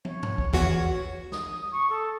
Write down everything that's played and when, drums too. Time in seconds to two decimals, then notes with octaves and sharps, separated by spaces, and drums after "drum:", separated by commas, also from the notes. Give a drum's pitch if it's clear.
0.05 C#5, drum: tom
0.23 drum: tom G2
0.38 drum: kick
0.53 E2 F#4, drum: kick
1.32 D#6, drum: snare
1.72 C#6
1.89 A4